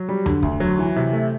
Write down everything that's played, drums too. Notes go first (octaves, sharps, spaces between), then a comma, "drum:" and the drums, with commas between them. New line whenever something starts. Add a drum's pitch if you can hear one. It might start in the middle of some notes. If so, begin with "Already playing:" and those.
Already playing: F#3
G3
D3, drum: tom E2
D2, drum: kick C#1
F#3
E3
C3
A3